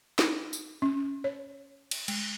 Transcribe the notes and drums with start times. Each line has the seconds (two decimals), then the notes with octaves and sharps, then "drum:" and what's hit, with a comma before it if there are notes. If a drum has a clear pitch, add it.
0.19 D#4, drum: snare
0.53 drum: tambourine
0.82 C#4
1.24 C#5
1.91 drum: cymbal
2.08 G#3, drum: cymbal